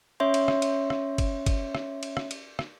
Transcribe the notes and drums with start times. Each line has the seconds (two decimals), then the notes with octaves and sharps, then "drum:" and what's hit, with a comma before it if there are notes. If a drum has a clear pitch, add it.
0.20 C#4 C#5 E5 C6
0.34 drum: cymbal
0.48 drum: rim click
0.62 drum: cymbal
0.90 drum: rim click
1.18 drum: kick, cymbal
1.46 drum: kick, cymbal
1.75 drum: rim click
2.03 drum: cymbal
2.17 drum: rim click
2.31 drum: cymbal
2.59 drum: rim click